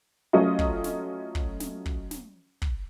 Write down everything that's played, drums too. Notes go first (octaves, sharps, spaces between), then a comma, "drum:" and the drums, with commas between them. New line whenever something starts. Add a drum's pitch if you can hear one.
F#3 A3 C#4 F4 D#5
drum: kick
drum: snare
drum: kick
drum: snare
drum: kick
drum: snare
drum: kick